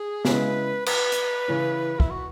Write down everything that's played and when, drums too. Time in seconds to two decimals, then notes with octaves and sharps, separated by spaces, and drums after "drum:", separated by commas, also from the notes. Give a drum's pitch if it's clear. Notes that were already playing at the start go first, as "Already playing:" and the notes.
Already playing: G#4
0.25 C#3 G#3 E4 B4, drum: snare
0.86 B4, drum: cymbal
1.12 drum: hi-hat
1.48 C#3 E3 C#4
2.00 E4, drum: kick
2.10 F#4